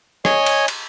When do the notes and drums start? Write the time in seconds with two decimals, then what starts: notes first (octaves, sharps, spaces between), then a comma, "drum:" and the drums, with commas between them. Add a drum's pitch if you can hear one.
0.25 C#5 D#5 G#5, drum: rim click
0.46 drum: cymbal
0.68 drum: cymbal